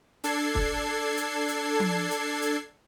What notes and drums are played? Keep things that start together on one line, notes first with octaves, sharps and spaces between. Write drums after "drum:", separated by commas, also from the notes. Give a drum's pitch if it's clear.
D4 A4 G#6 C7, drum: hi-hat
drum: kick
drum: hi-hat
drum: hi-hat
drum: tom F3
drum: hi-hat
drum: hi-hat